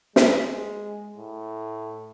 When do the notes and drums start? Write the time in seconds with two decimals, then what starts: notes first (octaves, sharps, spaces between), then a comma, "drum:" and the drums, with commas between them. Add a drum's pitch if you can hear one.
0.16 G#3, drum: snare
1.17 A2